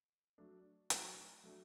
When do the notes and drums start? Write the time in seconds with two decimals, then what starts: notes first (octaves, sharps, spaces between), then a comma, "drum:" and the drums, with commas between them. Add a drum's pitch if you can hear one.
0.38 F#3 A3 D4
0.90 F#3 A3 D4, drum: hi-hat
1.44 F#3 A3 D4